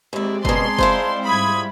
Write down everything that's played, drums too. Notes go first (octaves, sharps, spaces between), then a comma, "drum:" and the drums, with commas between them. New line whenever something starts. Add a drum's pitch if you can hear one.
D#2 G#3 C4 E4 D5
F#2 B2 G#4 A5 A#5 C6, drum: kick F#1
E4 F4 C5, drum: kick F#1
G#2 G3 B5 D#6 G#6